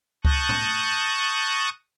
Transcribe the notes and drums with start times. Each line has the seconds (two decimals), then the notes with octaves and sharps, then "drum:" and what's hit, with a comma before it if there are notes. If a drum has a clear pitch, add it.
0.25 A5 C#6 D#6 F#6 G6 A#6, drum: kick C#2
0.49 drum: tom A2